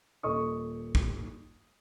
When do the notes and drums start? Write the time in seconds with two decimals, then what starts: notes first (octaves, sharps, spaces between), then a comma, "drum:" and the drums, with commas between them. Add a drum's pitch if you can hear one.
0.23 D#1 A4 D#5 C#6 D#6
0.95 drum: kick A1